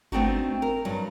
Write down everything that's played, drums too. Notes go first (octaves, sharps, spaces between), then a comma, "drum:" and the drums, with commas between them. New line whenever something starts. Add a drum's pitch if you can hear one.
A3 B3 C4 D4 D#4 F#4, drum: kick G1
A#4
G2 F#3